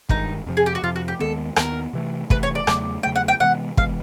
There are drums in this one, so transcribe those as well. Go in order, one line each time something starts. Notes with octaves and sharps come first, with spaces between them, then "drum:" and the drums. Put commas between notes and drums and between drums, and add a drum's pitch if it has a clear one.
G2 D#3 G#3 D#4, drum: kick
F2 C3 F3
G#4
G4
F#4
F2 C3 F3 F4
F#4
G4
D#2 D#3 G#3 B3 A4
D#2 D#3 G#3 B3 A#4, drum: rim click
C3 E3 A3
C3 E3 A3 B4, drum: kick
C#5
D5
E2 C#3 F#3 A3, drum: rim click
E2 C#3 F#3 A3 G5
F#5
G5
C3 E3 G#3 B3 F#5
C3 E3 G#3 B3 F5, drum: kick